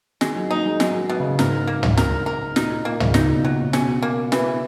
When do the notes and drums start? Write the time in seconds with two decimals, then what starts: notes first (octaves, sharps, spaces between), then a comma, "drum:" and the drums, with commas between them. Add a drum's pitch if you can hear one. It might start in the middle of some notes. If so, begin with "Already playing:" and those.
0.21 D#3 G#3, drum: snare
0.36 F#3
0.51 A#3 D#4
0.66 G#3
0.80 F#3 G#3, drum: snare
1.09 B2
1.20 C#3
1.39 G#2 A#4, drum: snare
1.67 A#3
1.83 drum: tom
1.97 A#4, drum: snare
2.26 A#4
2.56 A#2 D#4, drum: snare
2.85 A#2 A#3
3.00 C#3, drum: tom
3.14 C#3 D#4, drum: snare
3.30 B2
3.43 A#2 F#3
3.58 A#2
3.73 B2 C#4, drum: snare
4.02 A#3
4.32 E3, drum: snare